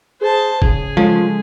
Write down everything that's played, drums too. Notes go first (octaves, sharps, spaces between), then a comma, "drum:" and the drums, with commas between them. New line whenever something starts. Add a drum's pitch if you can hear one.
G#4 C5 A5
C#3 G#4, drum: kick
F3 G#3 C#4 A4